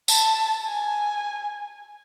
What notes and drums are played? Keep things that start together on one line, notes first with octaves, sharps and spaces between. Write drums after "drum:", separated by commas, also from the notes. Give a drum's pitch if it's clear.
A5, drum: tambourine
G#5